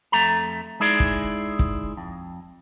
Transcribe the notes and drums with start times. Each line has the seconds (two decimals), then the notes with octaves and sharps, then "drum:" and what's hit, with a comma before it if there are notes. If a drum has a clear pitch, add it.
0.12 F2 A3 A#5
0.80 G#3 D#4 E4 G#4 D5
1.00 drum: kick
1.59 drum: kick
1.97 F2